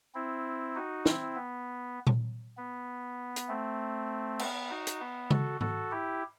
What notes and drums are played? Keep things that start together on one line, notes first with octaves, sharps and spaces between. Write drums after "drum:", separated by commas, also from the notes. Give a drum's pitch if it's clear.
C4 E4
D#4 F#4
C4 E4, drum: snare
B3
drum: tom A#2
B3
drum: hi-hat
A3 C4
B3, drum: cymbal
D#4 F#4
drum: hi-hat
B3
F#4 A4, drum: tom C#3
F#4 A4, drum: tom G#2
E4 G4